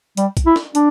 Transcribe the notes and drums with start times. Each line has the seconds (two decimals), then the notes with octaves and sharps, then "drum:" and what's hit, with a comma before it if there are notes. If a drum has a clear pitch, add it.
0.17 G3, drum: hi-hat
0.37 drum: kick A#1, hi-hat
0.46 E4
0.56 drum: snare
0.75 D4, drum: hi-hat